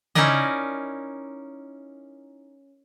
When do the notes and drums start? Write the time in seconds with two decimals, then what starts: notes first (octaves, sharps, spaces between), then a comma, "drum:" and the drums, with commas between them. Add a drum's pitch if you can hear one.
0.15 C#4 D#4 E4 A#4 D5 D#5, drum: tom C#3